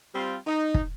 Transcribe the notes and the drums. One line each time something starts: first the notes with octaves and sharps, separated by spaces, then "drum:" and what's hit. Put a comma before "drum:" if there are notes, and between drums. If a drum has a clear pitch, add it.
G3 C4 F4
D#4
drum: kick